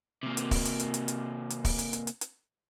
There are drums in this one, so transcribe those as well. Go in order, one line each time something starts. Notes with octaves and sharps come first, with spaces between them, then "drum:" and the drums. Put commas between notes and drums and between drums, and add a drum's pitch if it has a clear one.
C3 A#3
drum: hi-hat
drum: kick, open hi-hat
drum: hi-hat
drum: hi-hat
drum: hi-hat
drum: hi-hat
drum: hi-hat
drum: kick, open hi-hat
drum: hi-hat
drum: hi-hat
drum: hi-hat
drum: hi-hat